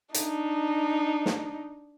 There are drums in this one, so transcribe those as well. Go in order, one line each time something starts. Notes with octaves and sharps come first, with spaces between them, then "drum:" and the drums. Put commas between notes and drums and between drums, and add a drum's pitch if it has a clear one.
D4 D#4, drum: hi-hat
drum: snare